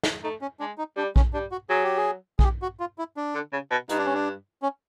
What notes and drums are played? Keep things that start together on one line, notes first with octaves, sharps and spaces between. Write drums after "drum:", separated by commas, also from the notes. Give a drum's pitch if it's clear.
drum: snare
A3 D#4
C#4
G#3 D4
D#4
G3 D4
C#4, drum: kick A#1
G3 D4
F#4
F#3 G#4
G4
G#4
G#4, drum: kick A#1
G4
F#4
F4
E4
D4
D3
C#3
B2
G2 D#4, drum: hi-hat
D4
C#4
D4
C#4